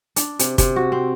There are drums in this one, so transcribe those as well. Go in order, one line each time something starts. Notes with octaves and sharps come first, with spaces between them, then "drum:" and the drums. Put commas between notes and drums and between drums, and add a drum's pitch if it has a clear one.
D4, drum: hi-hat
C3, drum: hi-hat
C3, drum: kick, hi-hat
F#4
C4